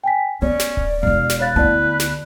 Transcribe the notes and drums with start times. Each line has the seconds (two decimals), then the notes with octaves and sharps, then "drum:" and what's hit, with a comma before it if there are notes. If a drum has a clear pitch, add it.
0.04 G5 G#5 B6
0.42 B3 C#4 C#5 D5
0.59 drum: snare
0.77 drum: kick D1
1.03 E1 E4 F5
1.30 drum: snare
1.40 B4 C#5 F5 A6
1.56 D2 B3 E4 D5 A5
2.00 drum: snare